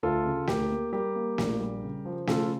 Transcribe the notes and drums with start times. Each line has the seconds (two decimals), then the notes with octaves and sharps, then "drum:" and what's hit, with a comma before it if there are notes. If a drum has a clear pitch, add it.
0.03 D2 F4 A4
0.26 C#3
0.47 D2 G4 A#4, drum: snare
0.71 A#3
0.93 G3 G4 A#4
1.15 A#3
1.38 A#1, drum: snare
1.60 G3
1.83 C#3
2.05 F3
2.27 C#3 F4 A4, drum: snare